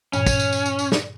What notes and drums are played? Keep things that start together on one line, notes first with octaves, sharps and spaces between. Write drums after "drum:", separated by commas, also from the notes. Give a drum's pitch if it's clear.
G2 A#2 E3 C#4, drum: tambourine
drum: kick, tambourine
drum: tambourine
drum: tambourine
drum: tambourine
drum: tambourine
drum: snare